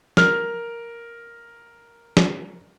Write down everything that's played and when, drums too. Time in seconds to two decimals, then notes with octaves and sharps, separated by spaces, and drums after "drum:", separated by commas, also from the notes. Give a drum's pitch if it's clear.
0.17 A#4 F6, drum: snare
2.17 drum: snare